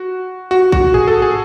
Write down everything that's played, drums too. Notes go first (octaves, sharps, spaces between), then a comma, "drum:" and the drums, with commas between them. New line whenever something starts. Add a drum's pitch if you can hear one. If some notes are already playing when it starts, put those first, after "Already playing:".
Already playing: F#4
F#4
F#4, drum: kick A1
G#4, drum: tom G#2
A4
G#4